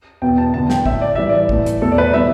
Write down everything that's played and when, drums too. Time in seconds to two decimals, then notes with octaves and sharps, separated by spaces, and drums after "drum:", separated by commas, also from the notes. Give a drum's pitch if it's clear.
0.22 E2 B2 B3 G5
0.38 A5
0.54 E2 D3 B3 A5
0.70 G5, drum: snare
0.86 A2 A3 E5, drum: kick
1.02 D5
1.15 A2 E3 G3 E5
1.29 D5
1.49 A2 E3 A3, drum: kick
1.66 drum: hi-hat
1.81 E2 B2 A3 A4
1.92 D5
1.98 B4
2.14 E3 G3 B3 E5